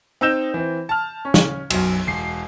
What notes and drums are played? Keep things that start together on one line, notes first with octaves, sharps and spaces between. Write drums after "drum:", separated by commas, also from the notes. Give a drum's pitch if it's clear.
C4 D#4 D#5 E6 G6 E7
E3 C4
A5 F6
C#4
drum: snare
B1 F#2, drum: cymbal
E1 C7